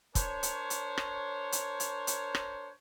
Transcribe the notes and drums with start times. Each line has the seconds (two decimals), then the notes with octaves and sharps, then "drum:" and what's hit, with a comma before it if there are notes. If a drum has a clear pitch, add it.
0.15 D4 A#4 C5 C#5, drum: kick, hi-hat
0.43 drum: hi-hat
0.70 drum: hi-hat
0.98 drum: rim click
1.52 drum: hi-hat
1.80 drum: hi-hat
2.07 drum: hi-hat
2.35 drum: rim click